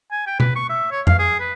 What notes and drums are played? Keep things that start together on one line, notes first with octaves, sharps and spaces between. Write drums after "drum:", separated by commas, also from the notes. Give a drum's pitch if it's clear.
G#5
G5
B4, drum: tom B2
C#6
E5
C#5
F5, drum: tom F2
G#4
B4